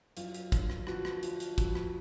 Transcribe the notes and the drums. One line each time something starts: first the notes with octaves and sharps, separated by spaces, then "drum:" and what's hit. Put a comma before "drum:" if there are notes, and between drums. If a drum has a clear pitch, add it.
F#2 F4, drum: hi-hat
drum: hi-hat
D3, drum: kick, hi-hat
drum: rim click
F3 F#4, drum: rim click
drum: rim click
F3, drum: hi-hat
drum: hi-hat
F2 F#4, drum: kick, hi-hat
drum: rim click